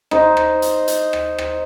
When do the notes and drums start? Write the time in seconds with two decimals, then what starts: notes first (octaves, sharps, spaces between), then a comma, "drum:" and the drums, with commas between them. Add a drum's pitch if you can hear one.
0.11 D#4 C5, drum: rim click
0.37 drum: rim click
0.62 drum: hi-hat
0.88 drum: hi-hat
1.13 drum: rim click
1.38 drum: rim click